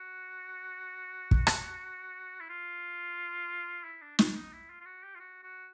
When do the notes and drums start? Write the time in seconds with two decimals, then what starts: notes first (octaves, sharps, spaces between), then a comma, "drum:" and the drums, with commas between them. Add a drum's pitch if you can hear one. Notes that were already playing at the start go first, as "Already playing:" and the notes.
Already playing: F#4
1.31 drum: kick
1.47 drum: rim click
2.40 E4
2.49 F4
3.84 E4
4.02 D4
4.19 D4, drum: snare
4.35 D#4
4.53 E4
4.70 F4
4.80 F4
4.85 F#4
5.03 G4
5.15 F4
5.20 F#4
5.43 F#4